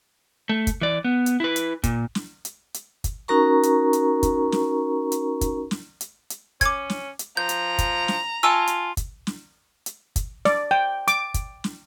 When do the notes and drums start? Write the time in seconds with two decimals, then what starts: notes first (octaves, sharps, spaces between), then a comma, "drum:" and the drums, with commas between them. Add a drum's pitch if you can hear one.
0.49 A3
0.67 drum: kick, hi-hat
0.81 E3 D5
1.04 B3
1.26 drum: hi-hat
1.40 E4 B4
1.56 drum: hi-hat
1.84 A#2, drum: kick, hi-hat
2.15 drum: snare
2.45 drum: hi-hat
2.74 drum: hi-hat
3.04 drum: kick, hi-hat
3.28 C#4 D#4 F#4 A#4 A#5 C#6
3.63 drum: hi-hat
3.93 drum: hi-hat
4.23 drum: kick, hi-hat
4.52 drum: snare
5.12 drum: hi-hat
5.41 drum: kick, hi-hat
5.71 drum: snare
6.01 drum: hi-hat
6.30 drum: hi-hat
6.61 C#4 D6 G#6, drum: kick, hi-hat
6.90 drum: snare
7.19 drum: hi-hat
7.37 F3 A#5 G6
7.49 drum: hi-hat
7.78 drum: kick, hi-hat
8.08 drum: snare
8.43 F4 G#5 A5 C#6 E6
8.67 drum: hi-hat
8.97 drum: kick, hi-hat
9.27 drum: snare
9.86 drum: hi-hat
10.16 drum: kick, hi-hat
10.45 D5, drum: snare
10.71 G5
11.08 D6, drum: hi-hat
11.34 drum: kick, hi-hat
11.64 drum: snare